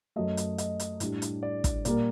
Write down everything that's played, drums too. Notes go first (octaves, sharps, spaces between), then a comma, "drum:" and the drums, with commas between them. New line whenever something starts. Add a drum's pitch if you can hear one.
F#2 F#3 A3 D#5
drum: hi-hat
D#5, drum: hi-hat
drum: hi-hat
A2 G3 D4, drum: hi-hat
drum: hi-hat
D5
drum: kick, hi-hat
A#2 G3 A#3 D5, drum: hi-hat